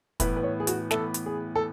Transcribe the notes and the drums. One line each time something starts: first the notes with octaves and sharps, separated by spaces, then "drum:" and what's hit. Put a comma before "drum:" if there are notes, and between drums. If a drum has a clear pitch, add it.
A2 E3 B3 B4, drum: kick, hi-hat
B4
C#5
G#4
F#4, drum: hi-hat
A2 E3 B3 A4, drum: snare
drum: hi-hat
G#4
A4